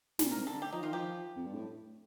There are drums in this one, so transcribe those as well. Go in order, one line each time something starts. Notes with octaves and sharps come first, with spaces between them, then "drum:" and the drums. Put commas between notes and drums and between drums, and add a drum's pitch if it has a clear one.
A#2, drum: snare
C3 A#4
D3 A4
G4
F3 D#4
D#3 F4
F3 G4
F2
G2
A2